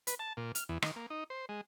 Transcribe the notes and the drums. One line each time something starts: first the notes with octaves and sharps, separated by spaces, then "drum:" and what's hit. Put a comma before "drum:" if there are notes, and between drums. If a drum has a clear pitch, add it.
B4, drum: hi-hat
A5
A#2
F6, drum: hi-hat
E2
D#3, drum: rim click
A#3
D#4
C5
G#3